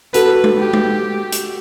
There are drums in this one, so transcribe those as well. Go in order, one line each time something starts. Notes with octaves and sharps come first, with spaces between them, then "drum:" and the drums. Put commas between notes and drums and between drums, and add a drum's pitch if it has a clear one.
F#4 A4 B4, drum: hi-hat
drum: tom G#3
G4
drum: tom G#3
drum: hi-hat